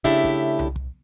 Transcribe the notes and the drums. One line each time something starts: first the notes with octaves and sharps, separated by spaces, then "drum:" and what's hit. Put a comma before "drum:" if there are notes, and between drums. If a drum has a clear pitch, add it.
C#3 A3 D4 E4 G4 E5, drum: kick
drum: kick
drum: tom C2
drum: kick